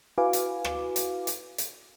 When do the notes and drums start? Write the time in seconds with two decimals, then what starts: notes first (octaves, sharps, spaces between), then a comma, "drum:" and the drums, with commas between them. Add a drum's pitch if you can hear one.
0.18 E4 F#4 B4 F5 G#5 D6
0.33 drum: hi-hat
0.64 drum: rim click
0.96 drum: hi-hat
1.27 drum: hi-hat
1.58 drum: hi-hat